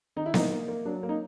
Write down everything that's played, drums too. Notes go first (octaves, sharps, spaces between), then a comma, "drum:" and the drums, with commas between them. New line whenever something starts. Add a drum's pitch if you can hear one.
D#3 D#4
E4
A#3 D#4, drum: snare B3
A#3
A#3
F#3 D4
A#3
D#4